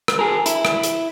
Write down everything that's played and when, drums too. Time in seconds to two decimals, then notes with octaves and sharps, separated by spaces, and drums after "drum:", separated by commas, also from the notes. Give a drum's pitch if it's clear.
0.08 drum: rim click
0.19 G#4 A#4
0.46 E4, drum: hi-hat
0.65 drum: rim click
0.83 drum: hi-hat